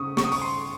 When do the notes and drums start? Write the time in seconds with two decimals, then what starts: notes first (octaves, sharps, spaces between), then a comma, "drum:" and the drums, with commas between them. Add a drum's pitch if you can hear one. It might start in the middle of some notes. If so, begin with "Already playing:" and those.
Already playing: C#3 C#6 D#6
0.17 C#6, drum: snare
0.24 D#6
0.32 C#6, drum: open hi-hat
0.42 C6